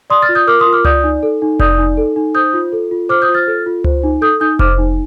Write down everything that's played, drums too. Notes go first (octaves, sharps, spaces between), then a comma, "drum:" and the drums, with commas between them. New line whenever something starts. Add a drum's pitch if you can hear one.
D5 C6 D#6
F6 A6
F4
D#6 G6
A#4 D6 F6
C6 D#6
F4
D6 F6
D5 D#6 G6, drum: tom C#2
D#4
A4
D#4
D5 D#6 G6, drum: kick F1
D#4
A4
D#4
C5 D#6 G6
F4
A4
F4
C5 D6 F6
D#6 G6
F4
F6 A6
A4
F4
C5, drum: tom C#2
D#4
A4 D#6 G6
D#4 D#6 G6
C5 D6 F6, drum: kick F1
D#4